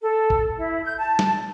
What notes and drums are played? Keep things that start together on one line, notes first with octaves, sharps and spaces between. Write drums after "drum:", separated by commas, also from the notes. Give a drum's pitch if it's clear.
A4
drum: kick A1
E4
G6
A5
drum: snare